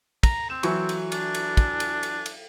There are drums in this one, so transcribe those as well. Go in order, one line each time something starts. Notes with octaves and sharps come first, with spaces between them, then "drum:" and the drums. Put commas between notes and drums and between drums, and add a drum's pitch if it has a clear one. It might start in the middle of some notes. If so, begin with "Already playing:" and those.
A#5, drum: kick, cymbal
C4 E7
E3 F#3 C#6, drum: cymbal
drum: cymbal
D4, drum: cymbal
drum: cymbal
drum: kick, cymbal
drum: cymbal
drum: cymbal
drum: cymbal